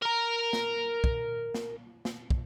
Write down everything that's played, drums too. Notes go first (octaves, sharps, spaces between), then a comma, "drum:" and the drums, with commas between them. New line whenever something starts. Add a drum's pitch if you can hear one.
A#4 A#5
drum: snare
drum: kick
drum: snare
drum: snare
drum: kick